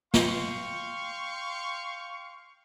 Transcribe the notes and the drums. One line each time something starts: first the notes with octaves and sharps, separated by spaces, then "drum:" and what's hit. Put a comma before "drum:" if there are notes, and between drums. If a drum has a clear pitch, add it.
F5 G5 C6 C#6, drum: snare